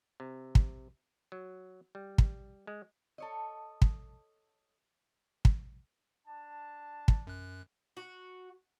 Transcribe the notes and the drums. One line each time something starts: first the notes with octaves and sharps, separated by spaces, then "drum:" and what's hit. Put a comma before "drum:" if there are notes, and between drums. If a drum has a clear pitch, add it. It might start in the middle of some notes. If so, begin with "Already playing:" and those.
C3
drum: kick
F#3
G3
drum: kick
G#3
A4 C#5 D#5
drum: kick
drum: kick
D4 A5
drum: kick
F#2 F#6
F#4